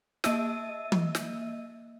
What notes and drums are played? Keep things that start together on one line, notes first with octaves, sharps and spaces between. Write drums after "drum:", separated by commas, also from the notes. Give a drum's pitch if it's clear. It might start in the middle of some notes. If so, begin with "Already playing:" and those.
A#3 D#5 E5 E6 D#7, drum: snare
drum: tom E3
drum: snare